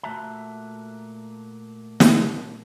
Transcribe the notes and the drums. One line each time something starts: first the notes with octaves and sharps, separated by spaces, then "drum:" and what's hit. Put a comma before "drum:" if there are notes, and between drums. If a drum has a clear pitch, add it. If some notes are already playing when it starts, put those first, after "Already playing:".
A#2 A3 F#4 E5 A5 A#5
drum: snare